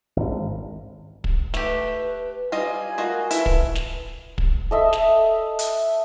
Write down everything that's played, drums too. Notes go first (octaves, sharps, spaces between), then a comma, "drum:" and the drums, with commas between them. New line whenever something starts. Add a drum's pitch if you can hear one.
G#1
drum: kick
A3 G4 B4, drum: snare
G3 F4 D#5 G#5
F4 F#4 A#4 D#5
E4 A4 B4, drum: hi-hat
drum: kick
drum: snare
drum: kick
A4 D#5 E5
drum: snare
drum: hi-hat